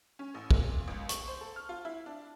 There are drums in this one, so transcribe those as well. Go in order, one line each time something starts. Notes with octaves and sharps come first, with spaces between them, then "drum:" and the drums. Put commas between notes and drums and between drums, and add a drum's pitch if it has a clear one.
C#4
A1
A#2, drum: kick
C#2
C#6, drum: hi-hat
C5
A4
F6
F4
E4
D4